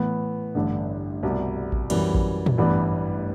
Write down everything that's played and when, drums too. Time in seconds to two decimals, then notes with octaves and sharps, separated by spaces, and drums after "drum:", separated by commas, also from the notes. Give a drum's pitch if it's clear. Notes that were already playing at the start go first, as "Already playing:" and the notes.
Already playing: A2 E3 B3
0.55 A1 G2 D3
1.23 C2 B2 G3
1.72 drum: kick A1
1.90 F#2 E3 G3, drum: cymbal
2.14 drum: kick A1
2.46 drum: tom A#2
2.58 A1 G2 E3 G3 B3